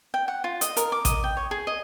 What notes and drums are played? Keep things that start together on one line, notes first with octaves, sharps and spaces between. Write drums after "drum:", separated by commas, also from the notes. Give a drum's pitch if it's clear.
G5
F#5
F4
D#5, drum: hi-hat
A#4, drum: hi-hat
D6
D#5, drum: kick A1, hi-hat
G5
C#5
G#4
D#5